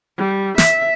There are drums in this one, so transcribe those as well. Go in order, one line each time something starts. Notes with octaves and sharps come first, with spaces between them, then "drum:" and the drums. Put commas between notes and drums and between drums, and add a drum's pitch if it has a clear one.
G3
E5, drum: snare